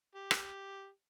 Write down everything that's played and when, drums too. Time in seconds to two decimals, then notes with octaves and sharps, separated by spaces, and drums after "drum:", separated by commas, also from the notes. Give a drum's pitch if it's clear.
0.15 G4
0.31 drum: rim click